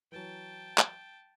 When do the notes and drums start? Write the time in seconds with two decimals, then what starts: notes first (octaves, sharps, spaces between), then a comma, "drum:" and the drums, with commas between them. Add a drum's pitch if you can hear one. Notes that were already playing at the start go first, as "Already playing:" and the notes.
0.12 E3 F#3 G5 A5
0.78 drum: clap